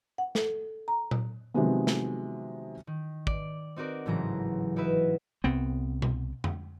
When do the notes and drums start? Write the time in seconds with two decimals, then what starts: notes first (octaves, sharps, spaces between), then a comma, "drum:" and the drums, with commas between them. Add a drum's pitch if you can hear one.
0.18 F#5
0.35 A4, drum: snare
0.88 A#5
1.11 drum: tom A#2
1.54 C3 D#3 F3 F#3 G#3 B3
1.87 drum: snare
2.87 D#3
3.27 D5, drum: kick
3.76 C4 D#4 F#4 A#4 D5
4.06 A1 G#2 C#3 E3 F#3 A#5
4.76 D#4 E4 F#4 B4 E5
5.44 C2 B3 C4
6.02 drum: tom B2
6.44 drum: tom F2